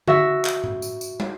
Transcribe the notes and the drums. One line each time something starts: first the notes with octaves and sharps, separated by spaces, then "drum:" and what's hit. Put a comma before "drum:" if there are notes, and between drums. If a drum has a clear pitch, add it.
F#4 E5 A#6, drum: tom D3
drum: clap
drum: tom A2
drum: tambourine
drum: tambourine
drum: tom